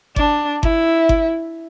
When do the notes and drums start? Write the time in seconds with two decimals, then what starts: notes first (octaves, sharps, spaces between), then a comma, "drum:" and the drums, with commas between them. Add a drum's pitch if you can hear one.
0.16 D4, drum: kick G1
0.63 E4, drum: kick G1
1.09 drum: kick G1